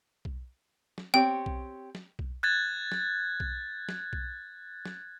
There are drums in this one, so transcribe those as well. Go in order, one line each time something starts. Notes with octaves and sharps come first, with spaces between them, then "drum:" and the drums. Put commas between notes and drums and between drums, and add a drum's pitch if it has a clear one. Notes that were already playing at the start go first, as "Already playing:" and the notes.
drum: kick B1
drum: snare
C4 G4 C#5 G5
drum: kick B1
drum: snare
drum: kick B1
F#6 G#6 A6
drum: snare
drum: kick B1
drum: snare
drum: kick B1
drum: snare